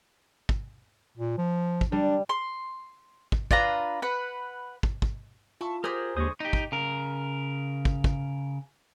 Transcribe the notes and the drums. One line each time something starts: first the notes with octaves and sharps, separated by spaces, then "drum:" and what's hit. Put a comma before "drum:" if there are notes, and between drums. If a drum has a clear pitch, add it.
drum: kick
A#2
F3
drum: kick
G3 D4
C6
drum: kick
D4 F4 B4 A#5, drum: kick
B4 F#5
drum: kick
drum: kick
E4 F4 A5 C#6
G4 G#4 A#4 C5 D#6
D#2 D3 G#3 C5 C#6 D#6
D#4 G4
drum: kick
C#3 A#4
drum: kick
drum: kick